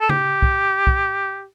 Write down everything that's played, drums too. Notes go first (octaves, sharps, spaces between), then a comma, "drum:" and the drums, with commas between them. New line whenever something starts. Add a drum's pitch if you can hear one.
A4
G4, drum: tom C#3
drum: kick
drum: kick